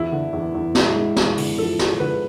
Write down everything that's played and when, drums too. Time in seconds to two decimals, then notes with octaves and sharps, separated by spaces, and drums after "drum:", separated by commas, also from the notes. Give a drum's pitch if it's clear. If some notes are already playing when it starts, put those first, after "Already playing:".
Already playing: E2 E4
0.12 D3
0.33 E2
0.55 E2
0.75 G#3 E4, drum: snare
0.96 G#3
1.16 E2, drum: snare
1.38 D3, drum: open hi-hat
1.58 F3 A4
1.79 G#3, drum: snare
2.00 D3 B4